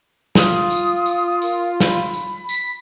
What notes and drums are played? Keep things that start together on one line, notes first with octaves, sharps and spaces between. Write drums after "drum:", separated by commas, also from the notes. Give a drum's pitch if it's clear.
F4 D#6, drum: snare
drum: tambourine
drum: tambourine
A#4, drum: tambourine
B5, drum: snare
drum: tambourine
B6, drum: tambourine